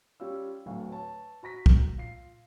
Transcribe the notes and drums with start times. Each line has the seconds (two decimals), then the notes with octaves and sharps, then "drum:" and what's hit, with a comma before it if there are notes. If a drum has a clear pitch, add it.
0.20 G3 C#4 F4 E6
0.66 D1 D2 A2 F5
0.90 B4 C#5 A5
1.43 F#4 A#5 A#6 B6
1.66 drum: kick
1.98 F4 C7